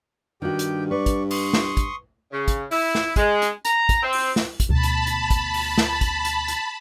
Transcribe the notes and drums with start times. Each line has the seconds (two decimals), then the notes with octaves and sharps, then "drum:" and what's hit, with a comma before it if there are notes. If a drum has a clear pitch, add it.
0.42 G2 D#3 F#4 G4 G5
0.59 drum: hi-hat
0.91 B4 D5 C#6
1.06 drum: kick, hi-hat
1.31 C6 C#6 D#6, drum: open hi-hat
1.53 drum: snare
1.77 drum: kick, hi-hat
2.32 C#3
2.48 drum: kick, hi-hat
2.71 E4, drum: open hi-hat
2.95 drum: snare
3.16 G#3, drum: kick, hi-hat
3.42 drum: hi-hat
3.65 A#5, drum: hi-hat
3.89 drum: kick, hi-hat
4.03 C4
4.13 drum: open hi-hat
4.36 drum: snare
4.60 drum: kick, hi-hat
4.69 D2 B2 A5 B5
4.83 drum: hi-hat
5.07 drum: hi-hat
5.30 drum: kick, hi-hat
5.54 drum: open hi-hat
5.78 drum: snare
6.01 drum: kick, hi-hat
6.25 drum: hi-hat
6.48 drum: hi-hat